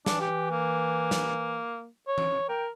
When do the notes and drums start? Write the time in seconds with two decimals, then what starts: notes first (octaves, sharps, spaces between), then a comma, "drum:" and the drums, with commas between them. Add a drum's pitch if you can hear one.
0.06 E3 D4, drum: snare
0.21 G4
0.51 A#3
1.11 drum: snare
2.08 C#5
2.18 drum: tom E3
2.49 A#4 G5